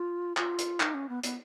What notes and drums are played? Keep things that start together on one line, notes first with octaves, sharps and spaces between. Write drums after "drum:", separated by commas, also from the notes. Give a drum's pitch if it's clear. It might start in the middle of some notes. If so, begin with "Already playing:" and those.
Already playing: F4
F4, drum: clap
drum: hi-hat
D#4, drum: clap
C#4
B3
B3, drum: hi-hat